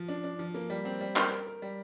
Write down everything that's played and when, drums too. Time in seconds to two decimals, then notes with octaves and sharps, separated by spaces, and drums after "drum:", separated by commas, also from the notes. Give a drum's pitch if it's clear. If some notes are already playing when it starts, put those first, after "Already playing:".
Already playing: F3
0.08 D4
0.24 D4
0.39 F3
0.54 A#3
0.70 G3
0.85 C4
1.01 G3
1.16 A#4, drum: clap
1.31 A#4
1.47 A#4
1.62 G3